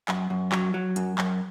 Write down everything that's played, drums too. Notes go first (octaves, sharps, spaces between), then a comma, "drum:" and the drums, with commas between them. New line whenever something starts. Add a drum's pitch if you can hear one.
F#2, drum: clap
F#2
F#3, drum: clap
F#3
F#2, drum: hi-hat
F#2, drum: clap